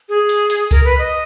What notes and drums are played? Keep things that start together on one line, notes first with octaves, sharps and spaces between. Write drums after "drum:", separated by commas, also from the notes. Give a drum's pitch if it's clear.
G#4
drum: hi-hat
drum: hi-hat
A#4, drum: kick C2, hi-hat
B4
D#5